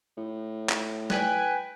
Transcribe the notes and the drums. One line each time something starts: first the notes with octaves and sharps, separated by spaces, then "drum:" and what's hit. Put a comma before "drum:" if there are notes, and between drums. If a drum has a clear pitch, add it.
A2
drum: clap
B4 G5 G#5, drum: snare